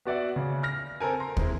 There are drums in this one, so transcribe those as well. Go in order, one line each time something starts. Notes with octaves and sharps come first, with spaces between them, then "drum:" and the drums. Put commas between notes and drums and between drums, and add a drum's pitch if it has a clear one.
B3 F#4 D5 E5 F#5
C#3
F6 A#6
C4 A4 A#4 G#5
A#5 C6
G#3 C4 E4, drum: kick